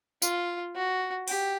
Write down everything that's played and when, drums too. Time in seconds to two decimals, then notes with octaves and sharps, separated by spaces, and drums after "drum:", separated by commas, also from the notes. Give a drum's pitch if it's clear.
0.22 F4, drum: tambourine
0.75 F#4
1.28 G4, drum: open hi-hat